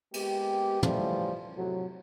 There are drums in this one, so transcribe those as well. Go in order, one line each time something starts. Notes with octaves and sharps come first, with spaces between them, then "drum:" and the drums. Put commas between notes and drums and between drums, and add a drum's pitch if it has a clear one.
G#3 A#3 B3 G4, drum: cymbal
A2 C#3 E3 F3 G3 A3, drum: tom
F2 A2 C3 F#3